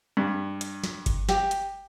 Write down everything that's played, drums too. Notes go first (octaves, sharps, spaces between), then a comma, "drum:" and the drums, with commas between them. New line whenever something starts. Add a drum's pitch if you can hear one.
G2
drum: hi-hat
drum: snare
drum: kick G1, hi-hat
G4, drum: snare
drum: hi-hat